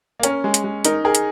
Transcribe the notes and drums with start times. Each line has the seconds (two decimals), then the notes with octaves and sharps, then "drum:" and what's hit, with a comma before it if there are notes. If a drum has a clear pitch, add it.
0.20 A#3
0.23 C#4 A#4, drum: hi-hat
0.44 G#3
0.54 drum: hi-hat
0.64 G#3
0.85 D#4 A#4, drum: hi-hat
1.05 G#4 A#4
1.15 drum: hi-hat